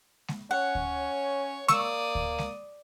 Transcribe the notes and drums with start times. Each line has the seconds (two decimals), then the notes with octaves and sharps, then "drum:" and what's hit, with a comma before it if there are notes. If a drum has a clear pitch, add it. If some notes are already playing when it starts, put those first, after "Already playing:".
0.28 drum: snare G#3
0.51 C#4 C#5 F#5
0.75 drum: kick D2
1.68 A#3 D5 C#6 D#6 E6, drum: snare G#3
2.15 drum: kick D2
2.38 drum: snare G#3